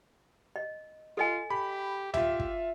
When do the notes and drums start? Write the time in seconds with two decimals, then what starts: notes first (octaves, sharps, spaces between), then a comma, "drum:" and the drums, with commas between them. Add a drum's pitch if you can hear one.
0.56 D#5
1.17 F4 A4 D#5 G#5
1.50 G4 B5
2.14 F4 G4 E5, drum: tom C#2
2.40 drum: kick